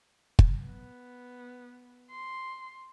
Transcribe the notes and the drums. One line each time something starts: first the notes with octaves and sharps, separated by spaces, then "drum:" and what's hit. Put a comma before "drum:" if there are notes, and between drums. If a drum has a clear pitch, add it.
drum: kick
B3
C6